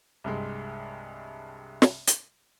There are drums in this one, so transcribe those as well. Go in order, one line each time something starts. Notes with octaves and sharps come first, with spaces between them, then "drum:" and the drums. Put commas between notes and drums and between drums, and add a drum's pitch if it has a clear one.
C2 G2 G#3
drum: snare
drum: hi-hat